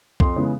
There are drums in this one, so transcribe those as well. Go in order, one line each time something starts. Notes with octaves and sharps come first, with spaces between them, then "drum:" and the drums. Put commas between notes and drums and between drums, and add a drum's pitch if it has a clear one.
F2 C6, drum: kick
C#3 E3 G#3 B3